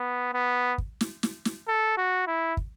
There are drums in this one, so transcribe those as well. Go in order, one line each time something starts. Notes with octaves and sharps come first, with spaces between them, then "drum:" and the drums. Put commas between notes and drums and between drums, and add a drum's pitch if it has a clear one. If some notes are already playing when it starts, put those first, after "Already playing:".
Already playing: B3
B3
drum: kick
drum: snare
drum: snare
drum: snare
A4
F#4
E4
drum: kick